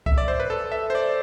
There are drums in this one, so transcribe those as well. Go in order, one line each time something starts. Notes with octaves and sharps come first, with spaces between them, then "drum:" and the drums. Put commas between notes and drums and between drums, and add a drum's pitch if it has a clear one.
E5, drum: kick C2
D5
C5
B4
A4
E5
C5
D5